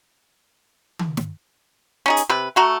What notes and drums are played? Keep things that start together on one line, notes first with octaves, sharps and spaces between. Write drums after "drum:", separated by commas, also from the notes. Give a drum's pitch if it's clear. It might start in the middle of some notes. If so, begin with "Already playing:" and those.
drum: tom D#3
drum: snare
C#4 D#4 G#4
drum: hi-hat
C3 B4
A3 F#4 A#5